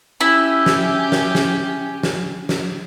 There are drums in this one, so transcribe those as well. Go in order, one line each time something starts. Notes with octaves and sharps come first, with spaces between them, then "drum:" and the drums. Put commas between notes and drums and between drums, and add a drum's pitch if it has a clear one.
C#4 E4 G4
drum: snare
drum: snare
drum: snare
drum: snare
drum: snare